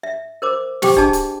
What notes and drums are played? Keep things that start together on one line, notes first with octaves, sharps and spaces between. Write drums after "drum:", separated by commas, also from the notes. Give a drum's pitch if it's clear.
E5
A#4 C5 D6
G4 C5 G5 D6, drum: snare
D4 G#4 D#5 A5, drum: kick C#1
drum: hi-hat